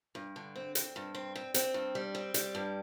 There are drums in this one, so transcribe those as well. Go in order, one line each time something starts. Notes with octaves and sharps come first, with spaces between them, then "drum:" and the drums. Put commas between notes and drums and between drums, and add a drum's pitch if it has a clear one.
G2
D3
C4
C4, drum: hi-hat
G2
C4
C4
C4, drum: hi-hat
G2
G3
C4
G3, drum: hi-hat
G2